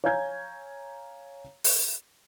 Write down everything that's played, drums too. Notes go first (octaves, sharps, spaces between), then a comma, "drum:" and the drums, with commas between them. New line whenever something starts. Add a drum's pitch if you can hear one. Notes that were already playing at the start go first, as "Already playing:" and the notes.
C#5 F5 G#5 A#5 G6 G#6
drum: open hi-hat